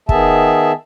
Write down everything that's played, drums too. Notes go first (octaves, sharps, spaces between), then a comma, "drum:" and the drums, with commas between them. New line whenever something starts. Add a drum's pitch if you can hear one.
D#3 B3 G#4 E5 A5, drum: kick